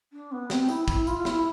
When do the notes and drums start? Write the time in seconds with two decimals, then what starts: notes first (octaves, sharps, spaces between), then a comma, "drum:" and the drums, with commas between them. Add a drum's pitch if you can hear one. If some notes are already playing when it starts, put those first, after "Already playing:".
0.13 D4
0.32 B3
0.50 C4, drum: snare
0.68 E4, drum: tambourine
0.88 E4, drum: kick, tambourine
1.07 F4, drum: tambourine
1.19 F4
1.25 E4, drum: snare